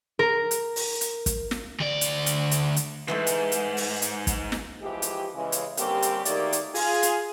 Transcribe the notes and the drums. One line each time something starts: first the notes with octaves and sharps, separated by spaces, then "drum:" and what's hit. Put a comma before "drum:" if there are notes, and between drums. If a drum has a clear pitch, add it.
A#4
drum: hi-hat
drum: open hi-hat
drum: hi-hat
drum: kick, hi-hat
drum: snare
D2 D5
drum: hi-hat
drum: hi-hat
drum: hi-hat
drum: hi-hat
G#2 E3 G#3 A3
drum: hi-hat
drum: hi-hat
drum: open hi-hat
drum: hi-hat
drum: kick, hi-hat
drum: snare
E3 F3 G#3 G4
drum: hi-hat
C#3 E3 G#3
drum: hi-hat
D3 G3 A#3 C4 C#4 G4, drum: hi-hat
drum: hi-hat
D2 D#3 A3 A#3 G4 D5, drum: hi-hat
drum: hi-hat
F4 G#4, drum: open hi-hat
drum: hi-hat